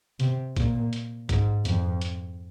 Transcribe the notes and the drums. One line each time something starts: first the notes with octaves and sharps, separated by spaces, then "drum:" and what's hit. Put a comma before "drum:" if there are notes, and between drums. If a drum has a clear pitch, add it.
C3, drum: hi-hat
A#2, drum: kick A#1, hi-hat
drum: hi-hat
G#2, drum: kick A#1, hi-hat
F2, drum: hi-hat
drum: hi-hat